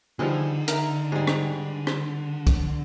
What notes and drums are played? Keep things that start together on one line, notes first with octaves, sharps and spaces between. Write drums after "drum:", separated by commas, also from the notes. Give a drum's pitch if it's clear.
D3 E3 F3 G3 D#4 G#4
D#4 A#4 E5 A#5, drum: hi-hat
G#2 G3 G#4
drum: rim click
drum: rim click
drum: kick, hi-hat